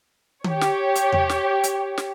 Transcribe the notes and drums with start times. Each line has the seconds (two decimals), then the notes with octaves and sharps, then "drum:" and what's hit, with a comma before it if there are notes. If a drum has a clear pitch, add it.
0.44 G4 C#5, drum: tom D#3
0.61 drum: snare
0.95 drum: hi-hat
1.12 drum: tom E2
1.29 drum: snare
1.63 drum: hi-hat
1.98 drum: snare